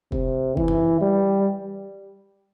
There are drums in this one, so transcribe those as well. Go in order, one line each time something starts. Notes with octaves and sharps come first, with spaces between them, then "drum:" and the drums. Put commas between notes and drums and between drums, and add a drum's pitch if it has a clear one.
C3, drum: kick
E3, drum: kick
drum: tom F#2
G3